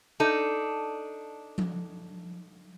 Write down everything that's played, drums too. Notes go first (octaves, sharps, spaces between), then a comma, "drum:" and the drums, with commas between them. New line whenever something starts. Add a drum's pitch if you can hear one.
D4 D#4 A4
drum: tom F3